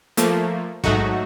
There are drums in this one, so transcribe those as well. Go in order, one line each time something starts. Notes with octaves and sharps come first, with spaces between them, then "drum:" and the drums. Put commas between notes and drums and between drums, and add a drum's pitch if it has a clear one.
F3 A3 A#3, drum: hi-hat
G#2 F#3 A3 D#4 F#4, drum: kick